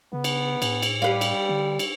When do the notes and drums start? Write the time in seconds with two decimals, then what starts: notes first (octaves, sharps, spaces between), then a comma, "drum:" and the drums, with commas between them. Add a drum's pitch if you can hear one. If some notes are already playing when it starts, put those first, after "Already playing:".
0.13 C#3 B3
0.24 drum: cymbal
0.62 A2, drum: cymbal
0.82 drum: cymbal
1.02 G3 G4 B4 F5
1.21 drum: cymbal
1.49 D3
1.79 drum: cymbal